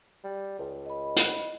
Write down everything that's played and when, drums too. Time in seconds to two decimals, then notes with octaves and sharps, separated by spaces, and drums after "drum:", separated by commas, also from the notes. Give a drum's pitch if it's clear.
0.24 G3
0.59 C#2
0.86 D#5 B5
1.16 drum: hi-hat